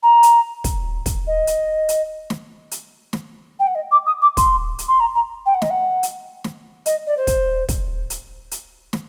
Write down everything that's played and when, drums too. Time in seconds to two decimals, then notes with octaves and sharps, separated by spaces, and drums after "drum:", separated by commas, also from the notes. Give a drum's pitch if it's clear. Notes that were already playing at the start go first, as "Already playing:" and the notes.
0.03 A#5
0.23 drum: hi-hat
0.64 drum: kick, hi-hat
1.06 drum: kick, hi-hat
1.27 D#5
1.47 drum: hi-hat
1.89 drum: hi-hat
2.30 drum: snare
2.71 drum: hi-hat
3.13 drum: snare
3.59 G5
3.67 F#5
3.75 D#5
3.91 D6
4.06 D#6
4.22 D6
4.37 C6, drum: kick, hi-hat
4.79 drum: hi-hat
4.88 C6
5.00 A#5
5.15 A#5
5.46 G5
5.54 F#5
5.62 D#5, drum: snare
5.70 F#5
6.03 drum: hi-hat
6.44 drum: snare
6.86 D#5, drum: hi-hat
7.07 D5
7.17 C5
7.27 drum: kick, hi-hat
7.69 drum: kick, hi-hat
8.10 drum: hi-hat
8.51 drum: hi-hat
8.93 drum: snare